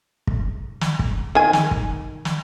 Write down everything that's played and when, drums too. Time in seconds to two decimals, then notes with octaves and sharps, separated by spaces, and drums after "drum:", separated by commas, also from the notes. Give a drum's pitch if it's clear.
0.27 drum: kick
0.81 drum: snare
0.99 drum: kick
1.35 D#3 G#5
1.53 drum: snare
1.71 drum: kick
2.25 drum: snare